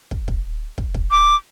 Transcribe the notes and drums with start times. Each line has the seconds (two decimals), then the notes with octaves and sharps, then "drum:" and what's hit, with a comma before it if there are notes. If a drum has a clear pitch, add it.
0.11 drum: kick
0.28 drum: kick
0.78 drum: kick
0.94 drum: kick
1.11 D6